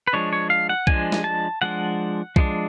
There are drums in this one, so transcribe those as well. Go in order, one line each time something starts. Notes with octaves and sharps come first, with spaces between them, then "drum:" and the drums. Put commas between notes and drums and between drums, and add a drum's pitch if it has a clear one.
B4
F3 G#3 D4 C#5
C#5
F5
F#5
F3 G#3 D4 G#5, drum: kick B1
drum: snare
A5
F3 G#3 D4 F#5
F3 G#3 D4, drum: kick B1